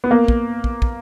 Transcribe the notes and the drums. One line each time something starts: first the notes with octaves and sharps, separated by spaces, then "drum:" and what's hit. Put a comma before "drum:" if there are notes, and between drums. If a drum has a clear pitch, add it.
B3
A#3
drum: kick
drum: kick
drum: kick